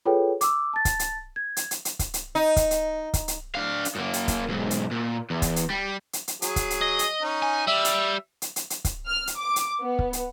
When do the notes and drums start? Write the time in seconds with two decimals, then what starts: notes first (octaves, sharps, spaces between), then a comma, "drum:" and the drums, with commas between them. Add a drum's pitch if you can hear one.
0.06 F4 G#4 A4 B4 C#5 G5
0.41 D6 E6, drum: hi-hat
0.73 A5 A6
0.85 drum: kick, hi-hat
0.99 drum: hi-hat
1.36 G#6
1.57 drum: hi-hat
1.71 drum: hi-hat
1.85 drum: hi-hat
1.99 drum: kick, hi-hat
2.14 drum: hi-hat
2.35 D#4
2.56 drum: kick, hi-hat
2.71 drum: hi-hat
3.14 drum: kick, hi-hat
3.28 drum: hi-hat
3.55 D4 F5
3.85 drum: hi-hat
3.96 F#2 A#3
4.13 drum: hi-hat
4.28 drum: kick, hi-hat
4.49 B1 G#2
4.71 drum: hi-hat
4.91 A#2
5.30 E2
5.42 drum: kick, hi-hat
5.56 drum: hi-hat
5.70 G3
6.13 drum: hi-hat
6.28 drum: hi-hat
6.42 F#3 G#4, drum: hi-hat
6.56 drum: kick, hi-hat
6.70 drum: hi-hat
6.81 D#5
6.99 drum: hi-hat
7.22 C#4 D#4
7.43 G#5
7.67 G3 E5
7.85 drum: hi-hat
8.42 drum: hi-hat
8.56 drum: hi-hat
8.70 drum: hi-hat
8.85 drum: kick, hi-hat
9.06 F6
9.27 drum: hi-hat
9.38 D6
9.56 drum: hi-hat
9.81 B3
9.99 drum: kick
10.13 drum: hi-hat